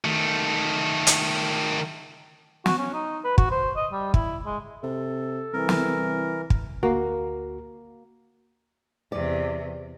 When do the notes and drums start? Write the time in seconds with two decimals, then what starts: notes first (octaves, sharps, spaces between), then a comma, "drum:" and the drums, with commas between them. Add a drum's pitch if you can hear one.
0.05 D#3 A3
1.07 drum: hi-hat
2.66 F#4, drum: snare
2.79 C#4
2.93 D#4
3.24 B4
3.38 F#4, drum: kick
3.51 C5
3.76 D#5
3.92 G3
4.14 E4, drum: kick
4.46 G#3
4.83 C3 A4
5.53 C2 E3 A#4
5.69 drum: snare
6.50 drum: kick
6.83 D2 A#3 F#4
9.12 E2 C3 D5